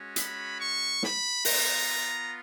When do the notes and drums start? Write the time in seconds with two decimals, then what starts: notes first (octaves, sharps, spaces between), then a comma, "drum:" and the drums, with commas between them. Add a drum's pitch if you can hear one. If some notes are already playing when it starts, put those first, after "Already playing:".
Already playing: G#3 C#4 F#4
0.16 B5, drum: hi-hat
0.59 C#6
1.03 B5, drum: snare
1.45 B3 F4 A#5, drum: open hi-hat